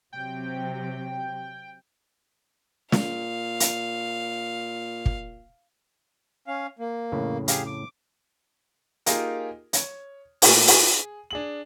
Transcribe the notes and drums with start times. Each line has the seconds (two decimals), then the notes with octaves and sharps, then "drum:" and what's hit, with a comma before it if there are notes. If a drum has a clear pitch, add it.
0.13 C3 F#3 G5
2.92 A#2 F5, drum: snare
3.60 drum: hi-hat
5.06 drum: kick
6.47 C#4 F5
6.79 A#3
7.12 F2 A2 C#3
7.48 G4 G#4 F5, drum: hi-hat
7.66 D6
9.06 A#3 D#4 F4 G4 G#4 A#4, drum: hi-hat
9.73 C#5, drum: hi-hat
10.42 A#2 A3 A#3, drum: open hi-hat
10.67 G#4, drum: open hi-hat
11.31 D4 G#4 F#7